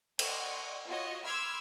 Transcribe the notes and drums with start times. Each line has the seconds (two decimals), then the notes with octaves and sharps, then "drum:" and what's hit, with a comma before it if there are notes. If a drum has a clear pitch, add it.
0.19 D5 D#5 F#5 C6 C#6, drum: cymbal
0.87 F4 F#4 C#5 D#5
1.25 B5 C6 D6 E6 F6 G#6